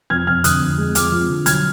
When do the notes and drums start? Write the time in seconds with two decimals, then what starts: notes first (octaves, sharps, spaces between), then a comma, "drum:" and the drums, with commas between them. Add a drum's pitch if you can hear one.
0.10 F2 F6 G#6
0.27 F2 F6 G#6
0.44 D3 D#6 F#6, drum: hi-hat
0.61 F2
0.78 G#3
0.95 F2 D6 F6, drum: hi-hat
1.12 F3
1.29 D3
1.46 F#3 F6 G#6, drum: hi-hat